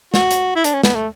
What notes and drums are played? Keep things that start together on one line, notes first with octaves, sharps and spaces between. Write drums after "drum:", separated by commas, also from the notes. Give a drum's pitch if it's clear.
F#4, drum: snare
drum: hi-hat
E4
D4, drum: hi-hat
C#4
B3, drum: snare
A3